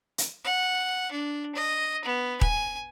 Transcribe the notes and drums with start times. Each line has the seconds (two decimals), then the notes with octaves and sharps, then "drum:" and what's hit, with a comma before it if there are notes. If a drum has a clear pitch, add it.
0.18 drum: hi-hat
0.45 F#5
1.12 D4
1.55 D#5
2.05 B3
2.41 G#5, drum: kick D#1